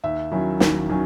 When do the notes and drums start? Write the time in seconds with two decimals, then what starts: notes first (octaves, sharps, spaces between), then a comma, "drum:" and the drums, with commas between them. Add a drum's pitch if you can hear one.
0.04 D#2 E5
0.32 D#3 F#3 C#4 E4
0.60 D#2, drum: snare
0.89 D#3 F#3 C#4